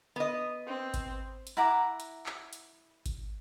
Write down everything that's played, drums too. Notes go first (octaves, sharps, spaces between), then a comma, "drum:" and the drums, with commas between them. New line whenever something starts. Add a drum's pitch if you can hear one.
B3 D#5
C4
drum: kick G#1, hi-hat
drum: hi-hat
E4 F#5 A#5 D6
drum: hi-hat
drum: clap
drum: hi-hat
drum: kick G#1, hi-hat